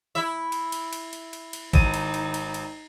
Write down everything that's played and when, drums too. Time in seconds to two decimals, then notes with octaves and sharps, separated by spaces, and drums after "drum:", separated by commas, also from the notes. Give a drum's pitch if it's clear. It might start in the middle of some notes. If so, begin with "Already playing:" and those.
0.15 E4 E5
0.52 drum: cymbal
0.72 drum: cymbal
0.93 drum: cymbal
1.13 drum: cymbal
1.33 drum: cymbal
1.53 drum: cymbal
1.73 G#1 D#4 D#7, drum: kick G#1, cymbal
1.94 drum: cymbal
2.14 drum: cymbal
2.34 drum: cymbal
2.54 drum: cymbal